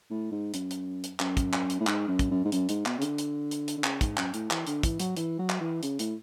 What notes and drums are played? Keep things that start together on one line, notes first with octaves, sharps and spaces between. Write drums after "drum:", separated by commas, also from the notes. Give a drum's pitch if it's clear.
A2
G#2
F#2, drum: hi-hat
drum: hi-hat
drum: hi-hat
F#2, drum: clap
drum: kick, hi-hat
drum: clap
drum: hi-hat
A2
G#2, drum: clap
F#2
drum: kick, hi-hat
F#2
G#2
F#2, drum: hi-hat
G#2, drum: hi-hat
B2, drum: clap
C#3
D3, drum: hi-hat
drum: hi-hat
drum: hi-hat
drum: hi-hat
D3
C#3, drum: clap
G#2, drum: kick, hi-hat
F#2, drum: clap
A2, drum: hi-hat
E3, drum: clap
D3, drum: hi-hat
E3, drum: kick, hi-hat
F#3, drum: hi-hat
E3, drum: hi-hat
F#3
drum: clap
E3
C#3, drum: hi-hat
A2, drum: hi-hat